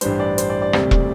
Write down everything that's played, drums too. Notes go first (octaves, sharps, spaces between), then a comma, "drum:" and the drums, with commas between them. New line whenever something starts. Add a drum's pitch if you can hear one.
A1 G2 E3 G3 D4 C5, drum: hi-hat
D5
C5, drum: hi-hat
D5
D5
E1 D2 C3 G3 C4, drum: rim click
drum: kick E1